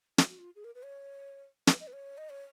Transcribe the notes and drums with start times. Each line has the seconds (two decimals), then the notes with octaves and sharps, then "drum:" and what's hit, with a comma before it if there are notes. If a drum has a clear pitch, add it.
0.18 F4, drum: snare
0.29 F#4
0.39 F4
0.55 G#4
0.64 A#4
0.75 B4
0.83 C#5
1.67 B4, drum: snare
1.80 D#5
1.87 B4
1.93 C#5
2.18 D#5
2.30 C#5